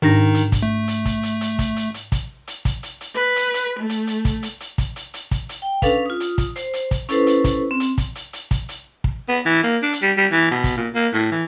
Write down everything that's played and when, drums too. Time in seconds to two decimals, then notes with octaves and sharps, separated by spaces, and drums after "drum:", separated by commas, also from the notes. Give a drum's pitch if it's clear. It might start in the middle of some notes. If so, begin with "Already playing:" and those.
0.02 G#2 D#3 D4 D#4 A#6
0.34 drum: hi-hat
0.52 drum: kick, hi-hat
0.63 A3
0.88 drum: hi-hat
1.05 drum: kick, hi-hat
1.23 drum: hi-hat
1.41 drum: hi-hat
1.59 drum: kick, hi-hat
1.76 drum: hi-hat
1.94 drum: hi-hat
2.12 drum: kick, hi-hat
2.47 drum: hi-hat
2.65 drum: kick, hi-hat
2.83 drum: hi-hat
3.01 drum: hi-hat
3.15 B4
3.36 drum: hi-hat
3.54 drum: hi-hat
3.79 A3
3.89 drum: hi-hat
4.07 drum: hi-hat
4.25 drum: kick, hi-hat
4.43 drum: hi-hat
4.60 drum: hi-hat
4.78 drum: kick, hi-hat
4.96 drum: hi-hat
5.14 drum: hi-hat
5.31 drum: kick, hi-hat
5.49 drum: hi-hat
5.62 G5
5.82 C#4 D4 A4 B4 F5, drum: kick, hi-hat
6.06 F4 D#6
6.20 drum: hi-hat
6.38 drum: kick, hi-hat
6.56 C5, drum: hi-hat
6.73 drum: hi-hat
6.91 drum: kick, hi-hat
7.09 C#4 E4 A4 B4 C5, drum: hi-hat
7.27 drum: hi-hat
7.44 drum: kick, hi-hat
7.71 C4
7.80 drum: hi-hat
7.98 drum: kick, hi-hat
8.15 drum: hi-hat
8.33 drum: hi-hat
8.51 drum: kick, hi-hat
8.69 drum: hi-hat
9.04 drum: kick
9.28 B3
9.45 E3
9.63 A#3
9.82 D4
9.93 drum: hi-hat
10.02 G3
10.17 G3
10.32 E3
10.51 B2
10.64 drum: kick, hi-hat
10.77 A#2
10.95 A#3
11.13 A2
11.32 E3